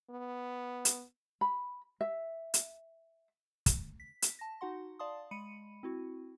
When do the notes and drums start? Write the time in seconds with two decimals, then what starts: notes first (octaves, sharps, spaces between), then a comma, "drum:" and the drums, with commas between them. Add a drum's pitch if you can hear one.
0.10 B3
0.85 drum: hi-hat
1.41 B5
2.01 E5
2.54 drum: hi-hat
3.66 drum: kick, hi-hat
4.00 B6
4.22 drum: hi-hat
4.39 A5 A#6
4.61 D#4 F#4 F#5 C6
4.99 D5 F5 A5 C6 D#6
5.31 G#3 B5 C#7 D#7
5.83 C4 E4 F#4